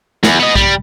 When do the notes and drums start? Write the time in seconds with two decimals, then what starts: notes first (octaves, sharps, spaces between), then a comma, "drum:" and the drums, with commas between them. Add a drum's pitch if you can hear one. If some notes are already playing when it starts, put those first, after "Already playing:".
0.24 E2, drum: snare
0.40 B3 D#5
0.56 G3, drum: kick A#1